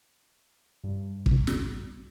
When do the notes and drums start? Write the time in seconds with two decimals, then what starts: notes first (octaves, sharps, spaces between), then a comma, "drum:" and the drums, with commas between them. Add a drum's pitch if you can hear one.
0.84 G2
1.26 drum: kick
1.47 drum: snare